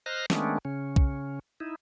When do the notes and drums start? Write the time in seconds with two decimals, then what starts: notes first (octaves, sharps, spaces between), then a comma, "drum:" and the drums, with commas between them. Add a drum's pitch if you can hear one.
0.06 C5 D#5 A#5 F6 F#6
0.30 D#3 G#3 A3 B3 C#4 D4, drum: snare
0.65 C#3 C#4
0.96 drum: kick B1
1.60 D#4 E4